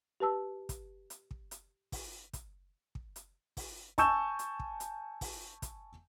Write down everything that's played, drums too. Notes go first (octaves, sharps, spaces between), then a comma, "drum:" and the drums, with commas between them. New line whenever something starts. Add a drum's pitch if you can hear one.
G4 B4 A5 E6
drum: kick, hi-hat
drum: hi-hat
drum: kick
drum: hi-hat
drum: kick, open hi-hat
drum: kick, hi-hat
drum: kick
drum: hi-hat
drum: kick, open hi-hat
G#5 A5 C#6 E6 G6 E7, drum: kick, hi-hat
drum: hi-hat
drum: kick
drum: hi-hat
drum: kick, open hi-hat
drum: kick, hi-hat